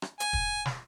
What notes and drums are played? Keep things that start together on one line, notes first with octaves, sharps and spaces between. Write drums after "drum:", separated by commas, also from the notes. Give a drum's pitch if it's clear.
drum: rim click
G#5, drum: hi-hat
drum: kick
drum: snare